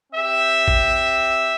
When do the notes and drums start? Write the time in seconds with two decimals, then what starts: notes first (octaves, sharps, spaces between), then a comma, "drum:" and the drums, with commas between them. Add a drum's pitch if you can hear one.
0.13 C4 G4 E5
0.68 drum: kick